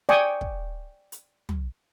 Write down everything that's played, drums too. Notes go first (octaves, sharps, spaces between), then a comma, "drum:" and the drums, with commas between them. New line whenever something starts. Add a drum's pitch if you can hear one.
D5 G5 G#5 C#6 D#6, drum: snare
drum: kick
drum: hi-hat
drum: tom